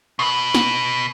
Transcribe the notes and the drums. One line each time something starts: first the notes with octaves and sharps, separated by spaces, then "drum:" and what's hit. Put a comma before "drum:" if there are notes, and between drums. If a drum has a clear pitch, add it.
B2 B4
drum: snare